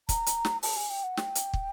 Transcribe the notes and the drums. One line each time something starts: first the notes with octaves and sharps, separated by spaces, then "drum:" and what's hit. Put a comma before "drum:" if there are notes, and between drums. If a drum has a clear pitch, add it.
A#5, drum: kick, hi-hat
drum: hi-hat
drum: snare
A5, drum: open hi-hat
G#5
G5
F#5
G5, drum: snare
drum: hi-hat
drum: kick